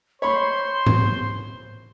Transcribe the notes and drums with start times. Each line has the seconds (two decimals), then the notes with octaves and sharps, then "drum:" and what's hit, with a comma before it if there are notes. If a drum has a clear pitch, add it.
0.22 C5 C#5 B5 C6
0.86 drum: tom G#2